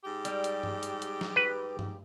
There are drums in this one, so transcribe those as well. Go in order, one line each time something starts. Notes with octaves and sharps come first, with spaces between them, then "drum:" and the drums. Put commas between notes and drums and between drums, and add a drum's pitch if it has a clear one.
G#2 G4
G3, drum: hi-hat
drum: hi-hat
drum: tom G2
drum: hi-hat
drum: hi-hat
drum: snare
B4
drum: tom G2